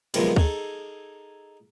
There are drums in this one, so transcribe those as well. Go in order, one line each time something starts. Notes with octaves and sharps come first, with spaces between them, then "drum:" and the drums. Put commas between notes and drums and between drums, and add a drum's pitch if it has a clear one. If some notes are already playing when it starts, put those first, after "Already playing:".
C3 D#3 F3 F#3 G#3 B3, drum: cymbal
D#4 G#4 A4, drum: kick D2